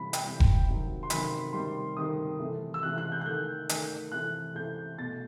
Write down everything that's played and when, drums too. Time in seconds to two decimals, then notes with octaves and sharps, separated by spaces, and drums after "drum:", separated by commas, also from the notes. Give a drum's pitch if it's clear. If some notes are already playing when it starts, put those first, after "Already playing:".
Already playing: C3 E3 G3 B5
0.13 G5, drum: hi-hat
0.25 C3 E3 G3
0.40 drum: kick E1
0.67 C3 D#3 F#3
1.03 C6
1.10 C3 D#3 F#3 B5, drum: hi-hat
1.53 C3 D#3 G3 C6
1.97 C3 D#3 G3 D#6
2.39 C3 E3 A3
2.74 E6
2.83 C3 E3 A3 F#6
2.98 F#6
3.12 G6
3.21 F#6
3.26 D#3 A3 G6
3.69 D#3 A3, drum: hi-hat
4.12 C3 E3 A3 F#6
4.55 C3 E3 A3 G6
4.98 B2 A3 A6